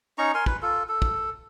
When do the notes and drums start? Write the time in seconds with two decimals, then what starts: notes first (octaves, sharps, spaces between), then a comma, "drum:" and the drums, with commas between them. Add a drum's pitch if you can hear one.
0.18 C#4 D#4 A#5 C#6
0.34 A#4 G#5 C6
0.46 B4, drum: kick
0.62 F4 A4
0.89 A4
1.02 drum: kick